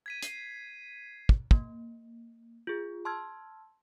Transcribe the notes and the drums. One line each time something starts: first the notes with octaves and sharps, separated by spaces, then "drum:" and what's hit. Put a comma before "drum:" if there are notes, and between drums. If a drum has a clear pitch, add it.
G#6 B6 D#7
C7, drum: hi-hat
drum: kick
A#3, drum: kick
F4 G#4
A5 C6 E6 F6 G#6